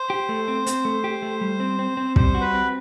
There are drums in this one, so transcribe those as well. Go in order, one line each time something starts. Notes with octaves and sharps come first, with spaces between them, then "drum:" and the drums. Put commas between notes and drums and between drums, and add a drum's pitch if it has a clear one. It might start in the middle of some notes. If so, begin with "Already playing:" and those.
Already playing: C5
G4
A3
C4
C4, drum: hi-hat
A3
G4
A3
G3
C4
C4
C4
G3 C5, drum: kick
F#4
B4
C4